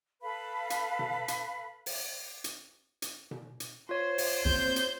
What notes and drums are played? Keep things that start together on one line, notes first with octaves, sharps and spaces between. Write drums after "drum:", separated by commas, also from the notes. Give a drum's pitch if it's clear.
A4 B4 F5 B5
drum: hi-hat
drum: tom B2
drum: hi-hat
drum: open hi-hat
drum: hi-hat
drum: hi-hat
drum: tom B2
drum: hi-hat
F4 C5 C#5
drum: open hi-hat
A#3 C4 G6
drum: hi-hat